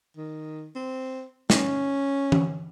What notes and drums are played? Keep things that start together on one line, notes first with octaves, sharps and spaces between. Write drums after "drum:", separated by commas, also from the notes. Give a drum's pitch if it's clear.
D#3
C4
C#4, drum: snare
drum: tom E3